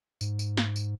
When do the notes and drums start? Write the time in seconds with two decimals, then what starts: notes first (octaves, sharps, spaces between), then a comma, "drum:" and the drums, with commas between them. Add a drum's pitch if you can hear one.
0.21 G#2, drum: tambourine
0.39 drum: tambourine
0.57 drum: snare
0.76 drum: tambourine